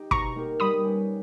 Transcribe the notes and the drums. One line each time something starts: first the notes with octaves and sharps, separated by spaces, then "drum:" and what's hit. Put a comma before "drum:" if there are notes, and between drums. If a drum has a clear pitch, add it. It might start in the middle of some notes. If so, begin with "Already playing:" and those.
Already playing: D#4 G4
B2 A#5 C#6, drum: kick
A#3 D#4 G4 A#4
G3 B5 D#6
C#4 G4 B4